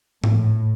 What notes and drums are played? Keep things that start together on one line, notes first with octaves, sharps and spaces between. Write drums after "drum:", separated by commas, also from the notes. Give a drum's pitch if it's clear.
A2, drum: tom G#2